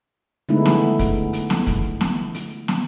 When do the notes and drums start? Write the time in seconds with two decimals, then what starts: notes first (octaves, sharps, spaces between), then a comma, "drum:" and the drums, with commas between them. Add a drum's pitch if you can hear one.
0.49 D3 G#3 A3 B3 D#4 E4
0.66 drum: snare
0.99 drum: kick, hi-hat
1.33 drum: hi-hat
1.50 drum: snare
1.67 drum: kick, hi-hat
2.01 drum: snare
2.34 drum: hi-hat
2.68 drum: snare